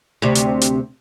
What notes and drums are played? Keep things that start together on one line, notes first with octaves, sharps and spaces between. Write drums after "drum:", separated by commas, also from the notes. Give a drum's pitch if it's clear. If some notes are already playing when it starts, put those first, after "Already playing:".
D2 C3
drum: hi-hat
drum: hi-hat